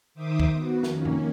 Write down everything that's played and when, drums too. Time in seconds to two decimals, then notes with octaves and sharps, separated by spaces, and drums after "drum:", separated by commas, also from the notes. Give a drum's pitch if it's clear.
0.14 D#3 D#4 C5 E5 D6 D#6
0.40 drum: kick
0.53 B3 F#4
0.83 F2 D#3 A#3 C#4, drum: snare
1.05 drum: tom F2